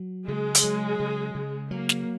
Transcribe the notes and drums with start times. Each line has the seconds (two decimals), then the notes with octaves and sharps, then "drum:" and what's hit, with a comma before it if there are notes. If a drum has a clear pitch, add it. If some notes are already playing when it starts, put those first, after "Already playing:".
Already playing: F#3
0.27 C#3 G#3
0.55 drum: hi-hat
0.64 F#3
1.00 C#3
1.35 C#3
1.71 F#3 A#3
1.89 drum: snare